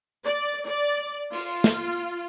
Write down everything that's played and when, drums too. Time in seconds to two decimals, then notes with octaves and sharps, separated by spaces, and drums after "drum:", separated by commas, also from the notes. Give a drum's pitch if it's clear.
0.25 D5
0.67 D5
1.33 F4, drum: open hi-hat
1.64 drum: snare